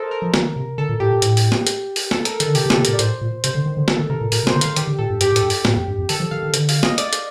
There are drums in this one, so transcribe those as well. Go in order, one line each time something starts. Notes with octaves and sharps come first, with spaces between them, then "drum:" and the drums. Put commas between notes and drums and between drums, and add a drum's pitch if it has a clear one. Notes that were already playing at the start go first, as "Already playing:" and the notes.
Already playing: A4 A#4 C5 D#5
A#4
F3
D#3, drum: snare
C3
D3 A4
A#2
A2 G4
A#2
A2, drum: hi-hat
drum: open hi-hat
drum: snare
drum: hi-hat
drum: open hi-hat
A4, drum: snare
A#4, drum: hi-hat
D#3 A4, drum: hi-hat
D3
C3 G4, drum: open hi-hat
D#3
A4, drum: snare
C3
A#2 A#4, drum: hi-hat
D5
A2 C5, drum: hi-hat
A#2
C3 C5, drum: hi-hat
D3
D#3
D3
D#3 A4, drum: snare
D#3
C3 A#4
A#2
A#2 A#4, drum: open hi-hat
C3
C5, drum: snare
D3
D#3 F5, drum: hi-hat
D#3 G4, drum: hi-hat
D3
A#2 A4
G2
G2 G4, drum: hi-hat
A2
A4, drum: hi-hat
G2
G4, drum: open hi-hat
A2, drum: snare
F2
G2
F2
D#3 A4, drum: open hi-hat
F3
D#3 F5
D#3
D3, drum: hi-hat
F5, drum: open hi-hat
D#5, drum: snare
D5, drum: hi-hat
drum: hi-hat